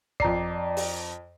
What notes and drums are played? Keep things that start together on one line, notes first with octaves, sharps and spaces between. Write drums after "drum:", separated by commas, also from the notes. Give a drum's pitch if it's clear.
F2 D5 A#5 C7, drum: kick
drum: open hi-hat